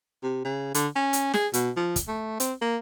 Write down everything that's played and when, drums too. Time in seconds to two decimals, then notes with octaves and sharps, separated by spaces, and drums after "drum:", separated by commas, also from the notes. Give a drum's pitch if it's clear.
0.23 C3
0.44 C#3
0.74 D3, drum: hi-hat
0.96 C#4
1.13 drum: hi-hat
1.34 G#4, drum: snare
1.53 B2, drum: hi-hat
1.76 F3
1.96 drum: kick, hi-hat
2.08 A3
2.40 C4, drum: hi-hat
2.61 A#3